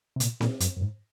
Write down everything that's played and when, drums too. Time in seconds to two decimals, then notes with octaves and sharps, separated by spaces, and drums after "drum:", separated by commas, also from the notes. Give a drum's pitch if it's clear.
0.16 C3
0.20 A#2, drum: hi-hat
0.41 A#2, drum: snare C4
0.60 F#2, drum: hi-hat
0.77 F#2
0.81 G#2